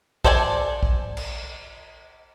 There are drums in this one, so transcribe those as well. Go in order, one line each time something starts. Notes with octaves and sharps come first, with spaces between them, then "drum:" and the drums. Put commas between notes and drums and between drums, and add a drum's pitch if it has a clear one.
A4 C5 D5 G5 G#5, drum: kick
drum: kick
drum: cymbal